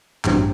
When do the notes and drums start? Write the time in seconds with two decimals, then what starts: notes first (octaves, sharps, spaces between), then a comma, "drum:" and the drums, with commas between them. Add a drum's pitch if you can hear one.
0.25 A1 G2 F#3 C4, drum: clap